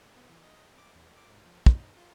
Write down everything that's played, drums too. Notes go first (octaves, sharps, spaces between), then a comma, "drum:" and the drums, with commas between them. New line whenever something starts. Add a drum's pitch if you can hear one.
B3
E3
D#5
D6
E2
D6
G#2
F3
D#4, drum: kick
F4